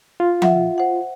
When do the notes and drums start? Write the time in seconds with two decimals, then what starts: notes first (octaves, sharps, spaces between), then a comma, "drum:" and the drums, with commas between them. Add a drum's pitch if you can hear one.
0.20 F4
0.42 E5 F#5, drum: tom F3
0.78 C5 F#5